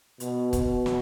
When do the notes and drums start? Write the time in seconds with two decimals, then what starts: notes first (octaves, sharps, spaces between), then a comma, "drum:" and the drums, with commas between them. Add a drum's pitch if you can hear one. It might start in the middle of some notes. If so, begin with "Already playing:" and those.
0.20 B2, drum: hi-hat
0.53 B2, drum: kick, hi-hat
0.86 drum: snare